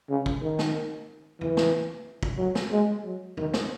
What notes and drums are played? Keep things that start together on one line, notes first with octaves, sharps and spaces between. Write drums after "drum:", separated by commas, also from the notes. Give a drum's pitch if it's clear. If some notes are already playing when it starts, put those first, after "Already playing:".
C#3
drum: kick
D#3
drum: snare
E3, drum: tom
drum: snare
drum: kick
F#3
drum: snare
G#3
F#3
D#3, drum: tom
drum: snare